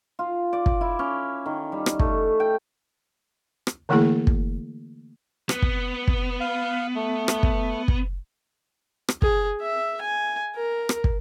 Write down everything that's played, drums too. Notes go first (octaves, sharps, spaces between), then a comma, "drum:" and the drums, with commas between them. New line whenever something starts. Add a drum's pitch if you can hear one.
F4
D5
drum: kick
E4
C#4
D#3
G3
drum: rim click
A3, drum: kick
G5
drum: rim click
D3 E3 A3 A#3 E4 G#4
drum: kick
B3, drum: rim click
drum: kick
drum: kick
F5
A3
drum: rim click
drum: kick
drum: kick
drum: rim click
G#4, drum: kick
E5
G#5
A#4
drum: rim click
drum: kick